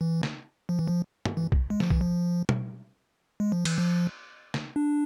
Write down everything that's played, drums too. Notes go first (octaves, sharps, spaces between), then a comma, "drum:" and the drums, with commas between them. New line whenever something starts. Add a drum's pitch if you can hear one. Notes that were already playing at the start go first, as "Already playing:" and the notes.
E3
drum: snare
F3
E3
F3
drum: tom
E3
drum: kick
G#3
F3, drum: snare
E3, drum: kick
F3
drum: tom B2
G#3
F3
E3, drum: cymbal
F3
drum: snare
D4